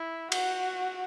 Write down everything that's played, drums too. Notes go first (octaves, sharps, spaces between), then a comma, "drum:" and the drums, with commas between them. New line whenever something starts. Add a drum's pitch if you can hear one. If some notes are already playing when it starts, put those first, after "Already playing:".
Already playing: E4
F#4, drum: cymbal